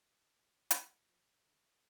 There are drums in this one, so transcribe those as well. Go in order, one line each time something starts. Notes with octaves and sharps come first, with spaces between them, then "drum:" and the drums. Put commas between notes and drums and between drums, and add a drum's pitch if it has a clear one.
G3, drum: hi-hat
F3
D3